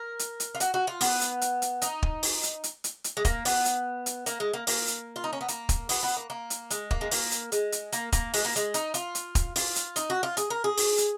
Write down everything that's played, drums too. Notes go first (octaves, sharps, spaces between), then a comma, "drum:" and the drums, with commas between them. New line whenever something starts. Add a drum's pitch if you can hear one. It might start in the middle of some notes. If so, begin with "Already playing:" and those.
Already playing: A#4
drum: hi-hat
drum: hi-hat
F4
F#4, drum: hi-hat
F#4
F4
B3, drum: open hi-hat
drum: hi-hat
drum: hi-hat
drum: hi-hat
D#4, drum: hi-hat
drum: kick
drum: open hi-hat
drum: hi-hat
drum: hi-hat
drum: hi-hat
drum: hi-hat
G#3
A#3, drum: kick, hi-hat
B3, drum: open hi-hat
drum: hi-hat
drum: hi-hat
A#3, drum: hi-hat
G#3
A#3
A#3, drum: open hi-hat
drum: hi-hat
F4
D#4
C#4
B3
A#3, drum: hi-hat
drum: kick, hi-hat
B3, drum: open hi-hat
B3
A#3
A#3
drum: hi-hat
G#3, drum: hi-hat
A#3, drum: kick
G#3
A#3, drum: open hi-hat
drum: hi-hat
G#3, drum: hi-hat
drum: hi-hat
A#3, drum: hi-hat
A#3, drum: kick, hi-hat
G#3, drum: open hi-hat
A#3
G#3, drum: hi-hat
D#4, drum: hi-hat
F4, drum: hi-hat
drum: hi-hat
drum: kick, hi-hat
F4, drum: open hi-hat
drum: hi-hat
D#4, drum: hi-hat
F#4
F4
G#4, drum: hi-hat
A#4
G#4
drum: open hi-hat
drum: hi-hat